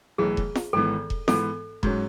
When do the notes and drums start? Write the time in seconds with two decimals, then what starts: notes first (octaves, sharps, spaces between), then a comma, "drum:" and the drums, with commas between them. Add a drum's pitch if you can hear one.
0.18 B1 A2 E3 G#4
0.37 drum: kick E1
0.55 drum: snare
0.73 G#1 G#2 E3 B3 A4
1.10 drum: kick E1
1.28 G#2 E3 B3 A4, drum: snare
1.83 G#2 F#3 C#4, drum: kick E1